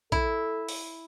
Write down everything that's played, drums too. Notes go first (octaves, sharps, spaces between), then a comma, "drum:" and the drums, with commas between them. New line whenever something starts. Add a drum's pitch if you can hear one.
E4 A4, drum: kick
drum: open hi-hat